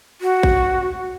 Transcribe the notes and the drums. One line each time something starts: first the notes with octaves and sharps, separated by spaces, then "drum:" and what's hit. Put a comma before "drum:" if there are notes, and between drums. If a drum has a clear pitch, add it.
F#4
drum: kick A1